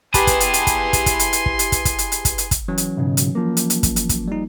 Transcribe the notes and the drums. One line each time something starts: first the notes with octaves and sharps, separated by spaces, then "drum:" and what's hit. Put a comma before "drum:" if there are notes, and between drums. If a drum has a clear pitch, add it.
E4 G4 G#4 B4 G#5 A5 C6, drum: kick, hi-hat
drum: kick, hi-hat
drum: hi-hat
drum: hi-hat
drum: kick, hi-hat
drum: kick, hi-hat
drum: kick, hi-hat
drum: hi-hat
drum: hi-hat
drum: kick
drum: hi-hat
drum: kick, hi-hat
drum: kick, hi-hat
drum: hi-hat
drum: hi-hat
drum: kick, hi-hat
drum: hi-hat
drum: kick, hi-hat
E3 F#3 C#4
drum: hi-hat
B1 G#2 C#3
drum: hi-hat
F3 A#3
drum: hi-hat
drum: hi-hat
drum: kick, hi-hat
drum: hi-hat
drum: kick, hi-hat
G3 D#4